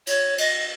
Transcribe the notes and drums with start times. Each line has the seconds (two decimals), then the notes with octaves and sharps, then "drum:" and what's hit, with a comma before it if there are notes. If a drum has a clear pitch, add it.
0.07 C#5, drum: cymbal
0.38 D#5, drum: cymbal